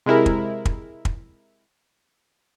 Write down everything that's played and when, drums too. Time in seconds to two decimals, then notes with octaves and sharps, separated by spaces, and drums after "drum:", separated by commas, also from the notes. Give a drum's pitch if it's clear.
0.06 C3 G#3 E4 A#4
0.26 drum: kick
0.65 drum: kick
1.05 drum: kick